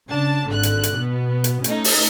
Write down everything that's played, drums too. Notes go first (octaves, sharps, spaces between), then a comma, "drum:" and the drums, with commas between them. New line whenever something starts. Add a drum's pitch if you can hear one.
C#3 D4 A5
G#1 D3 F#6
drum: hi-hat
drum: hi-hat
B2 B3
drum: hi-hat
A3 C#4 D#4, drum: hi-hat
drum: open hi-hat